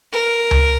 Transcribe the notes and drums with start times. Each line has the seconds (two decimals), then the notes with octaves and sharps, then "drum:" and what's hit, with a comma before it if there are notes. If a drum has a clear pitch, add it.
0.12 A#4
0.51 drum: tom C#2